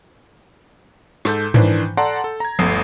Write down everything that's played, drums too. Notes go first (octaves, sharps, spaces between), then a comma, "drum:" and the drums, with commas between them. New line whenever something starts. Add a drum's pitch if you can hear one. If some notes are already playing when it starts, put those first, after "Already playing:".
G#2 A4 G6, drum: rim click
D#3 E3 D4 B4 C5, drum: tom G#2
A4 D5 F#5 A5 A#5 C6
A4
A#5 G#6
G1 D2 A4 D#6 A#6 C7, drum: tom F3